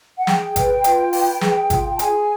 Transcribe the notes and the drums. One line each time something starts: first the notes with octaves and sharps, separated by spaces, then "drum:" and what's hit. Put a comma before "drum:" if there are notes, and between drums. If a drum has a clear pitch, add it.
F#5
G#4 G5, drum: snare
B4, drum: kick G#1, hi-hat
F4, drum: hi-hat
B4, drum: open hi-hat
G#4, drum: snare
F4, drum: kick G#1, hi-hat
A5
G#4 G#5, drum: hi-hat